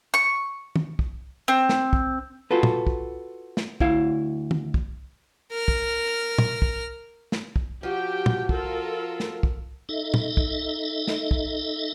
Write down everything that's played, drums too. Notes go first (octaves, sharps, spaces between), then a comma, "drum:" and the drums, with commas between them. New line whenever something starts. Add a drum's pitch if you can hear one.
C#6
drum: tom
drum: kick
C4
drum: snare
drum: kick
F4 F#4 A4 B4
drum: tom
drum: kick
drum: snare
D2 E4 F5, drum: kick
drum: tom
drum: kick
A#4 F6
drum: kick
drum: tom
drum: kick
drum: snare
drum: kick
F3 F#4 G4 G5
drum: tom
F4 A4 A#4, drum: kick
drum: snare
drum: kick
D#4 A4 D#5 E5
drum: tom
drum: kick
drum: snare
drum: kick